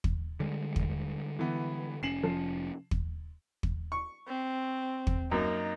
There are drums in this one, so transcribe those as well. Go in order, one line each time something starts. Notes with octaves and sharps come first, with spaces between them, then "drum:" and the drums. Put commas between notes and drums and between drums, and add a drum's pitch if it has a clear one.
drum: kick
D3 G3 G#3
drum: kick
E3 B3
F1 C#4 C7 E7 F#7
F3
drum: kick
drum: kick
C#6
C4
drum: kick
F#2 A#3 D#4